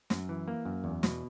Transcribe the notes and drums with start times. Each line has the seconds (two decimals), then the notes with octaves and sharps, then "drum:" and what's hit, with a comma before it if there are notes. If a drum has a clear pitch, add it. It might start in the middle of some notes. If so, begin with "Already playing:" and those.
0.10 F#2, drum: snare
0.29 E3
0.48 A#3
0.65 F#2
0.84 E2
1.03 B2, drum: snare